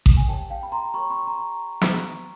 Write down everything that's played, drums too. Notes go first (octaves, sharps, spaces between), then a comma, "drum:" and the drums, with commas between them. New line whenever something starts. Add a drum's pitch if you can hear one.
drum: kick A1
G#5
G4 A#4 C#5 G5 A5
F5 G5
B5
A#5 C6
G4 A#4 C#5 B5 C#6
B5 C#6
A#5 C6
drum: snare